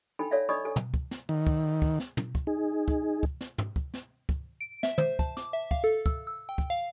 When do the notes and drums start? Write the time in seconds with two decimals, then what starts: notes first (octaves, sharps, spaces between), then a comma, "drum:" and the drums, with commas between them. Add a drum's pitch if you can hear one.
0.19 D#4 A4 G5 G#5 B5
0.31 A4 C#5 D5 E5 F5
0.49 D5 D#5 G#5 B5 C#6 D#6
0.65 A4 G#5
0.76 drum: tom
0.94 drum: kick
1.11 drum: snare
1.29 D#3
1.47 drum: kick
1.82 drum: kick
2.00 drum: snare
2.17 drum: tom
2.35 drum: kick
2.47 D#4 G#4
2.88 drum: kick
3.23 drum: kick
3.41 drum: snare
3.58 drum: tom
3.76 drum: kick
3.94 drum: snare
4.29 drum: kick
4.61 D7
4.83 E5, drum: snare
4.98 C5, drum: tom
5.19 A5, drum: kick
5.37 D6, drum: snare
5.53 E5
5.71 F5, drum: kick
5.84 A4
6.06 E6, drum: kick
6.27 E6
6.49 G5
6.58 drum: kick
6.70 F5